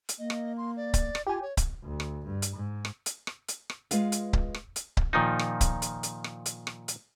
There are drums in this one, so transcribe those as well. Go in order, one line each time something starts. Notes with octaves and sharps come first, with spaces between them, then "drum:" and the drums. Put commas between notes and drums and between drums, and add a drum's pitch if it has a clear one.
drum: hi-hat
A#3 D#5
drum: rim click
C6
D5
drum: kick C#1, hi-hat
drum: rim click
F4 G4 G#5
C#5
drum: kick C#1, hi-hat
D2
drum: rim click
G2
drum: hi-hat
G#2
drum: rim click
drum: hi-hat
drum: rim click
drum: hi-hat
drum: rim click
G#3 F4 B4 F5, drum: hi-hat
drum: hi-hat
drum: kick C#1
drum: rim click
drum: hi-hat
drum: kick C#1
A#2 D#3 F3 D#4
drum: rim click
drum: kick C#1, hi-hat
drum: hi-hat
drum: hi-hat
drum: rim click
drum: hi-hat
drum: rim click
drum: hi-hat